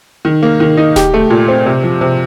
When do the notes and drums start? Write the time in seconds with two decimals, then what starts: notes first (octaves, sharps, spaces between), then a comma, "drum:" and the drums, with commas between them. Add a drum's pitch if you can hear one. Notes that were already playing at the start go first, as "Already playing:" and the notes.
0.25 D#3
0.43 A#3
0.60 D#3
0.77 D#4
0.96 G4, drum: snare D1
1.14 A3
1.30 A#2
1.48 C4
1.66 C3
1.83 F3
2.01 C3